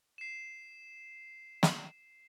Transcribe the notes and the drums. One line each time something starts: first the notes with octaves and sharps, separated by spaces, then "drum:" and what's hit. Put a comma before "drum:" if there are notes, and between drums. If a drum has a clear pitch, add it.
C7 E7
drum: snare